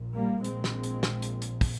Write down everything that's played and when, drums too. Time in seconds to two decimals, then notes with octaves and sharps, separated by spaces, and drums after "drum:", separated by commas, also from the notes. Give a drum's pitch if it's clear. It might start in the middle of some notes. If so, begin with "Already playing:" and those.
Already playing: A#1 A#2
0.15 G3 A#3
0.44 G#3 C4, drum: hi-hat
0.64 drum: snare
0.83 drum: hi-hat
1.03 drum: snare
1.22 drum: hi-hat
1.42 drum: hi-hat
1.61 drum: kick, open hi-hat